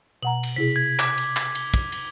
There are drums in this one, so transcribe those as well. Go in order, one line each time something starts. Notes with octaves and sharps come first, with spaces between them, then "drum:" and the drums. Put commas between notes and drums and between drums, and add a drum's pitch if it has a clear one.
B2 F#5 A#5 F#7
drum: cymbal
C3 E4 G#4 B6
G#6
D6, drum: clap
drum: cymbal
drum: clap
drum: cymbal
drum: kick, cymbal
drum: cymbal